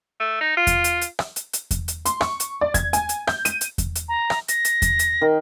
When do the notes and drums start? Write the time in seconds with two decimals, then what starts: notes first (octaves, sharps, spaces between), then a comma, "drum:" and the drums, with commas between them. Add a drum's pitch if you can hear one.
0.20 A3
0.41 D#4
0.57 F4
0.67 drum: kick E2, hi-hat
0.84 drum: hi-hat
1.01 drum: hi-hat
1.19 drum: rim click
1.36 drum: hi-hat
1.53 drum: hi-hat
1.71 drum: kick E2, hi-hat
1.88 drum: hi-hat
2.05 C6, drum: hi-hat
2.21 C#6, drum: rim click
2.40 drum: hi-hat
2.61 D5
2.74 G#6, drum: kick E2, hi-hat
2.93 G#5, drum: hi-hat
3.09 drum: hi-hat
3.27 G6, drum: rim click
3.45 D#7, drum: hi-hat
3.61 drum: hi-hat
3.78 drum: kick E2, hi-hat
3.95 drum: hi-hat
4.09 A#5
4.30 drum: rim click
4.48 A#6, drum: hi-hat
4.65 drum: hi-hat
4.82 drum: kick E2, hi-hat
4.99 drum: hi-hat
5.21 D#3